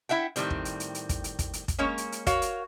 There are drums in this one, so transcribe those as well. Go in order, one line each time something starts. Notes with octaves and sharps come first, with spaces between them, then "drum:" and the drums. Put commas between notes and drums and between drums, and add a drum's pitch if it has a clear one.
E4 E5 F#5 G5
A2 D#3 G3 C4, drum: hi-hat
drum: kick
drum: hi-hat
drum: hi-hat
drum: hi-hat
drum: kick, hi-hat
drum: hi-hat
drum: kick, hi-hat
drum: hi-hat
drum: kick, hi-hat
G#3 A#3 C#4 C#5
drum: hi-hat
drum: hi-hat
F#4 A#4 C#5 F5, drum: kick, hi-hat
drum: hi-hat